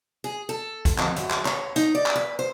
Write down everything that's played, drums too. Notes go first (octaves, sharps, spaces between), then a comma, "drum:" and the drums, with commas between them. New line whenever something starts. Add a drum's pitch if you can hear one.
G#4
A4
drum: kick, hi-hat
F2, drum: clap
F#2, drum: hi-hat
drum: clap
C#5, drum: clap
D#4, drum: hi-hat
D5
drum: clap
B4
C5